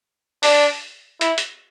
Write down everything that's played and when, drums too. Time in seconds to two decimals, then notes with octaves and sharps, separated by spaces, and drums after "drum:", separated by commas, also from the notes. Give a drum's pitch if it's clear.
0.43 D4, drum: open hi-hat
1.21 E4, drum: hi-hat
1.38 drum: hi-hat